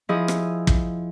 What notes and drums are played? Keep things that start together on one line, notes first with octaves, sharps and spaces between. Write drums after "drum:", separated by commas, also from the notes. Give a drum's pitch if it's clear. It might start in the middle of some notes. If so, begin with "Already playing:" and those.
F3 E4 G#4 D#5 D#6
drum: rim click
drum: kick